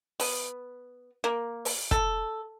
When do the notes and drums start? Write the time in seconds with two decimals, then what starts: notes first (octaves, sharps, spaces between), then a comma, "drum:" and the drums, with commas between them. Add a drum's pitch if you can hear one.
0.20 B3, drum: open hi-hat
1.24 A#3
1.65 drum: open hi-hat
1.91 A4, drum: kick